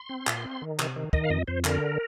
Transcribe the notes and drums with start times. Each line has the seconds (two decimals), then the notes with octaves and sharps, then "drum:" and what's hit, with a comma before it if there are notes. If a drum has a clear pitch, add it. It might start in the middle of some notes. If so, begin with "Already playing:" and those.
Already playing: C6
0.09 C4
0.27 A#2, drum: clap
0.44 C4
0.62 D#3
0.79 C3, drum: clap
0.96 D#3
1.13 D#3 D#5, drum: kick
1.24 F5
1.30 F2 D#5
1.47 F2 C5
1.65 D3 A#4, drum: clap